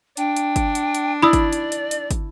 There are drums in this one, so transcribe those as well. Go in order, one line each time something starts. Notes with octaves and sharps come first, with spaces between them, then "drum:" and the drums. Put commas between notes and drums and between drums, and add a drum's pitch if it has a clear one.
D4 G5, drum: hi-hat
drum: hi-hat
drum: kick, hi-hat
drum: hi-hat
drum: hi-hat
E4 D5 B5 D#6 E6
drum: kick, hi-hat
drum: hi-hat
drum: hi-hat
drum: hi-hat
drum: kick, hi-hat